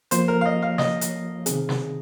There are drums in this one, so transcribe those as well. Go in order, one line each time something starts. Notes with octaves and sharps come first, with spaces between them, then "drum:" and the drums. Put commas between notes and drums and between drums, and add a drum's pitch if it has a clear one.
F3 A#3 F4 C5, drum: hi-hat
A#4
F5
D#5
F5
D#5, drum: snare
drum: hi-hat
C3 D#3 C4 G#4, drum: hi-hat
drum: snare